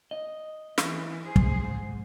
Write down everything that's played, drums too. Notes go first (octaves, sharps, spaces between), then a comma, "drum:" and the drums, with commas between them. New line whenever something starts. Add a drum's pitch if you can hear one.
D#5
E3, drum: snare
G#4 C5
drum: kick
G#2